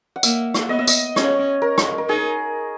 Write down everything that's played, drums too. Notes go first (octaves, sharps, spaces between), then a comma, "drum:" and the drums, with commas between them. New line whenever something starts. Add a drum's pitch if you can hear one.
F#5
A#3 E5, drum: tambourine
drum: rim click
B3 D#5
E5
D#5, drum: tambourine
C#4 C#5, drum: rim click
A#4
drum: rim click
A#4
D#4 G#4